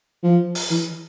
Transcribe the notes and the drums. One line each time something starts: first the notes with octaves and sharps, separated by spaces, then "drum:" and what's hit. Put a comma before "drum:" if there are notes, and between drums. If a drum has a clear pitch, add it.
F3
drum: open hi-hat
E3